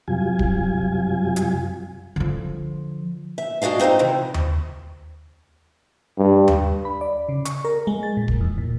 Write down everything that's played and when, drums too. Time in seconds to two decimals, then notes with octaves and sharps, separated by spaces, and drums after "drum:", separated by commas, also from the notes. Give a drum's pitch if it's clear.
0.08 F#2 C3 F#3 G3 F4 G#5
0.39 drum: kick D1
1.36 drum: hi-hat
2.16 D3 F3
3.38 E5
3.62 D4 F#4 G#4 D#5 F5
3.79 C4 D#4 C5 D#5 F5
3.99 C3 D#3 E3
4.34 drum: tom D#2
6.19 G2
6.48 drum: tom D#2
6.85 B5
7.01 D5
7.29 C#3
7.45 C#6, drum: hi-hat
7.65 A#4
7.87 G#3
8.03 A6
8.17 A#2
8.28 drum: kick D1
8.41 E2
8.58 A#2